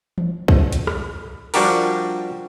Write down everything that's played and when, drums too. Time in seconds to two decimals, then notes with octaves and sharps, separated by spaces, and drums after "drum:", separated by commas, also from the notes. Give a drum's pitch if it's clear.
0.18 drum: tom E3
0.48 drum: kick
0.72 drum: hi-hat
0.87 drum: rim click
1.54 F3 G3 D4 F#4 G4 A#4, drum: open hi-hat